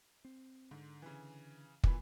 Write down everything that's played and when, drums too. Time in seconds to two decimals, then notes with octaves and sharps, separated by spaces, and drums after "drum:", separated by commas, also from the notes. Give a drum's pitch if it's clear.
0.25 C4
0.71 G#2 D3
1.02 C#3 E3
1.84 D1 A1 A#2 D3 E3 B5, drum: kick